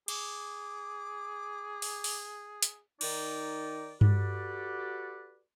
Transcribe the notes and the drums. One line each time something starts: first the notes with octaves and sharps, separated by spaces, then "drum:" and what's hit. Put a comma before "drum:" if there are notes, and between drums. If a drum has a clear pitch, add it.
G#4 D6, drum: cymbal
drum: open hi-hat
drum: open hi-hat
drum: hi-hat
D#3 D#4 D5, drum: cymbal
F#4 G4 A4 B4 D5, drum: tom G2